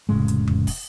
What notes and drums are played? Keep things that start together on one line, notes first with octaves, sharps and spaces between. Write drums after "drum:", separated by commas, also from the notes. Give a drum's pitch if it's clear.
F1 A2 C#3 G#3
drum: hi-hat
drum: tom F2
drum: kick, open hi-hat